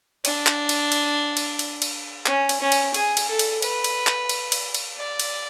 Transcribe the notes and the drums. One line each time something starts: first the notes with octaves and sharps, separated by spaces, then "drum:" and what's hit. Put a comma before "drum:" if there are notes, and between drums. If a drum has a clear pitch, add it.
D4, drum: cymbal
drum: clap
drum: cymbal
drum: cymbal
drum: cymbal
drum: cymbal
drum: cymbal
C#4, drum: clap
drum: cymbal
C#4
drum: cymbal
G#4, drum: cymbal
drum: cymbal
A4
drum: cymbal
B4, drum: cymbal
drum: cymbal
drum: clap
drum: cymbal
drum: cymbal
drum: cymbal
D5
drum: cymbal